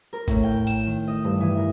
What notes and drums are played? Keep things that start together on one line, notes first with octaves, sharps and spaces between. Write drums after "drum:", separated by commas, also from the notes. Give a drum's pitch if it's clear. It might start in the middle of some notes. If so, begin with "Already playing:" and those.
A#4
A2, drum: kick A1, hi-hat
G5
E7, drum: hi-hat
D#3
D#5
G2
E3
A#4